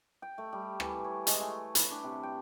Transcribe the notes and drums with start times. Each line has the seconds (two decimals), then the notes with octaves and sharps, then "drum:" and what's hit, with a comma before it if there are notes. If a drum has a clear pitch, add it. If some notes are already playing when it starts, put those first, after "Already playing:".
0.22 G5
0.38 A3
0.53 G3
0.80 E3, drum: rim click
1.04 C#5
1.27 G#3, drum: hi-hat
1.41 A3
1.75 B4, drum: hi-hat
1.91 D4
2.04 C3
2.23 G5